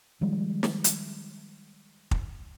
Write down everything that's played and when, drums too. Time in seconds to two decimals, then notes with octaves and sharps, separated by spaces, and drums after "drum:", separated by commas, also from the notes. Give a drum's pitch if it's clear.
0.21 D#3 F3 G3 G#3
0.63 drum: snare
0.84 drum: hi-hat
2.11 drum: kick